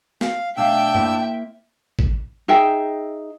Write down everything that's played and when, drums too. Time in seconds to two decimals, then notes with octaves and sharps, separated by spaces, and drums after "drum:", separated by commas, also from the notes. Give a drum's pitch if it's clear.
0.21 F5, drum: snare
0.57 B1 A3 D4 E5 F5 G5 E6
0.95 A#3 E4 C5, drum: tom G2
1.99 drum: kick A1
2.48 D#4 G#4 E5 G5